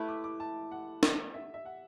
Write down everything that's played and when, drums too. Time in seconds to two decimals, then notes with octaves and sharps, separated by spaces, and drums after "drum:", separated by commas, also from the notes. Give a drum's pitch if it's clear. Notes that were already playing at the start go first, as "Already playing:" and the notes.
Already playing: A3 E4 B4 A5 B5
0.08 D6
0.24 D6
0.40 A5
0.72 F#5
1.03 drum: snare
1.34 E5
1.54 E5
1.65 F#5